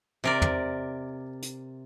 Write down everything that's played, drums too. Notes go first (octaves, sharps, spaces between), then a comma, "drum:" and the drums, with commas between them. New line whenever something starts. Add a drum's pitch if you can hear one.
C3 A#4 D5
drum: tom
drum: hi-hat